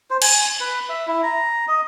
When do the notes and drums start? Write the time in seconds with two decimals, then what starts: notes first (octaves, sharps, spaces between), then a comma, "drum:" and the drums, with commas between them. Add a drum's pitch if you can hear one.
0.10 C5
0.22 G#5, drum: cymbal
0.60 B4
0.89 E5
1.07 E4
1.23 A#5
1.68 D#5